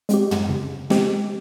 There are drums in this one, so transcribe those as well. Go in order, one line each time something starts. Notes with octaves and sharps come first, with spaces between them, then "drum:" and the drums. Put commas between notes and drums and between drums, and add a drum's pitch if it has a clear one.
G#3 C4 G4, drum: hi-hat
drum: tom
C#3
G#3 C4 G4, drum: snare